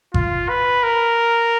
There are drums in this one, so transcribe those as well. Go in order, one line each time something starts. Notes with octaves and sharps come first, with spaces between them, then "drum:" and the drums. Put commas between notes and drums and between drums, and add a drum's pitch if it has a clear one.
F4, drum: kick G#1
B4
A#4